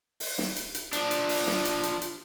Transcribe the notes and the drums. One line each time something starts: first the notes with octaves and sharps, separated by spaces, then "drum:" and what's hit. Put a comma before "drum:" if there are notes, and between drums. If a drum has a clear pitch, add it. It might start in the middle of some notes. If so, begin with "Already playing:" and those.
drum: open hi-hat
drum: snare
drum: hi-hat
drum: hi-hat
F3 D4, drum: hi-hat
drum: hi-hat
drum: open hi-hat
drum: snare
drum: hi-hat
drum: hi-hat
drum: hi-hat